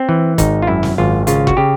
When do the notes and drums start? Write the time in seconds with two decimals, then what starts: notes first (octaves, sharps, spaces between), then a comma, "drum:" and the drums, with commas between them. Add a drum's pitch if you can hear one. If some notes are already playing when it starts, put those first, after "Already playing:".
Already playing: C4
0.09 E3
0.38 G#1 D#4, drum: kick G1, hi-hat
0.62 F4
0.67 F#2 E4
0.83 drum: snare
0.98 G#1 F4
1.27 C#3 F4, drum: hi-hat
1.47 F#4, drum: kick G1
1.57 C#3 G4